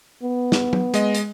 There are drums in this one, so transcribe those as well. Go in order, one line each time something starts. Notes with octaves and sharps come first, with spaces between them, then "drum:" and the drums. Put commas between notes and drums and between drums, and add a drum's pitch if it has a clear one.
B3
drum: snare
drum: tom
G#3 D#5, drum: hi-hat
drum: hi-hat